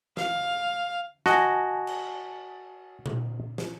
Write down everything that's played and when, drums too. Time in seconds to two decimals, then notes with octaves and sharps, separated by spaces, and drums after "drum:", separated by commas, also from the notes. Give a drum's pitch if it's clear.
0.17 F5, drum: snare
1.26 F#4 D#5 G#5 A5, drum: snare
1.87 drum: cymbal
3.06 drum: tom
3.58 drum: snare